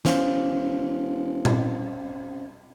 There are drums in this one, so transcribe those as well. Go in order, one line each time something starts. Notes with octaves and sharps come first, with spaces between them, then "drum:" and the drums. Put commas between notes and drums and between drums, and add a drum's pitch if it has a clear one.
E1 C#4 C5 F5, drum: snare
drum: tom A#2